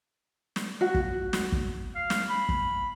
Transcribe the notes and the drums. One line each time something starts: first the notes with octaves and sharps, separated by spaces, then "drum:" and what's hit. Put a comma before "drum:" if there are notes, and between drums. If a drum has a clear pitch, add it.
drum: snare
F#4
drum: kick
drum: snare
drum: kick
F5
drum: snare
B5
drum: kick